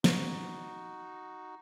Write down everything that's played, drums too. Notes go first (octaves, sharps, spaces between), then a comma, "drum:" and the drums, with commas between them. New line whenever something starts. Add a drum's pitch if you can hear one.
D#4 F#4, drum: snare